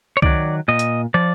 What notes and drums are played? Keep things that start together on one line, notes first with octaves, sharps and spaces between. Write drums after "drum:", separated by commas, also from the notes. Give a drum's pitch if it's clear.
C#5
D#3 F#3 D5, drum: kick C2
A#2 D#5
drum: hi-hat
F3 D5